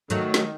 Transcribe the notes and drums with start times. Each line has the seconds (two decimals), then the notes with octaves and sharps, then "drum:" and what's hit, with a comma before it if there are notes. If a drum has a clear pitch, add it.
0.10 D#3 F#3 A3, drum: hi-hat
0.34 drum: snare